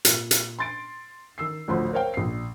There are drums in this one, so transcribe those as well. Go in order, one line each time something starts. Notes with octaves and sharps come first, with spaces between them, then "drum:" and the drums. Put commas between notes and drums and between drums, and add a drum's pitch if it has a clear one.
A#2, drum: hi-hat
drum: hi-hat
C6 A6 D7
D#3 E6 C7
A1 D2 F3 C6
A#4 C5 C#5 F5 G5
A#1 C7